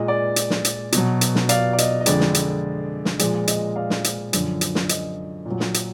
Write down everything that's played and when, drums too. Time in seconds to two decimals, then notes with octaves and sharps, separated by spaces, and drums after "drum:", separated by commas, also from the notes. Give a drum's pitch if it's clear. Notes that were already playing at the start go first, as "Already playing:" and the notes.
Already playing: A#2 G#3 D#5
0.08 D5
0.36 drum: hi-hat
0.50 drum: snare
0.65 drum: hi-hat
0.92 B2 F#3, drum: hi-hat
1.21 drum: hi-hat
1.35 drum: snare
1.49 D5 F5, drum: hi-hat
1.73 D5
1.78 D#5, drum: hi-hat
2.01 D#5
2.06 F2 D3 G#3 D5, drum: hi-hat
2.20 drum: snare
2.34 drum: hi-hat
3.05 drum: snare
3.19 A#2 F3 G#3 D5, drum: hi-hat
3.47 D#5, drum: hi-hat
3.76 D5 F5
3.90 drum: snare
4.04 drum: hi-hat
4.33 F#2 D3 F3, drum: hi-hat
4.61 drum: hi-hat
4.75 drum: snare
4.89 D#5, drum: hi-hat
5.45 A#2 F#3
5.60 drum: snare
5.74 drum: hi-hat